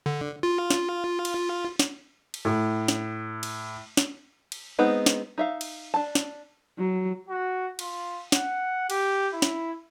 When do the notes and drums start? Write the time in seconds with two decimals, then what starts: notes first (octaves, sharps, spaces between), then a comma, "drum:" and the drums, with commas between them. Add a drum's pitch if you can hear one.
0.06 D3
0.43 F4
0.70 drum: snare
1.25 drum: cymbal
1.79 drum: snare
2.34 drum: cymbal
2.45 A2
2.88 drum: snare
3.43 drum: cymbal
3.97 drum: snare
4.52 drum: cymbal
4.79 G#3 B3 C4 D#4
5.06 drum: snare
5.38 D#4 E5 F5
5.61 drum: cymbal
5.94 D4 A5
6.15 drum: snare
6.78 F#3
7.29 F#4
7.79 F4, drum: cymbal
8.32 F#5, drum: snare
8.90 G4, drum: cymbal
9.33 E4
9.42 drum: snare